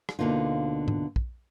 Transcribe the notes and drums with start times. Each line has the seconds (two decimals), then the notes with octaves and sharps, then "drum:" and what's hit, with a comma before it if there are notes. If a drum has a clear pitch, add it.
0.09 drum: rim click
0.19 D2 B2 D3 A#3 D#4 F4
0.88 drum: tom G#2
1.16 drum: kick